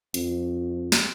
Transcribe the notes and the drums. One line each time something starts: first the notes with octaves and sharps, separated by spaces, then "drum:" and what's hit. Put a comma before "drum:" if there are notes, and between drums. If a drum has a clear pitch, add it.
F2, drum: hi-hat
drum: snare